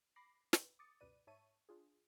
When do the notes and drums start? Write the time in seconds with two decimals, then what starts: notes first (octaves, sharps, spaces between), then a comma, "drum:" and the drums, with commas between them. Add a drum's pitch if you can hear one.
0.16 B5 D6 A#6 C7
0.53 B4, drum: snare
0.79 D6 D#6 A6 C#7
1.00 C#2 F#2 B2 B4 D5 D#7
1.27 G#2 C#5 E5 A5 C#6 D#7
1.69 D4 F4 G#4